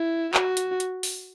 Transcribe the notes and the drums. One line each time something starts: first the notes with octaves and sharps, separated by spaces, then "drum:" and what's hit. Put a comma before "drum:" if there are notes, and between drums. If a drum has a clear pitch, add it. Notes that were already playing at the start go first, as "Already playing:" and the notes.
Already playing: E4
F#4, drum: clap
drum: hi-hat
drum: hi-hat
drum: open hi-hat